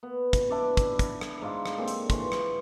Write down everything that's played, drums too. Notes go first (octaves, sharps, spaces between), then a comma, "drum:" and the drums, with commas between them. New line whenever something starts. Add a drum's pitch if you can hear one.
B3
drum: kick, hi-hat
D4 E4 B4 D5
drum: kick, hi-hat
drum: kick, hi-hat
drum: rim click
G#2 F4 D6
drum: rim click
A#2 D3 C4
drum: hi-hat
E3 C#5 C6, drum: kick, hi-hat
drum: rim click